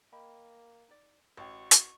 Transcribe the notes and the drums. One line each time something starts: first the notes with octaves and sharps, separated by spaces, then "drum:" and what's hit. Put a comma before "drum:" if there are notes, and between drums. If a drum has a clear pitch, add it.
A#3 D#5 G5 B5
D#4 D5
A1 F#4 F5 G5 C#6
drum: hi-hat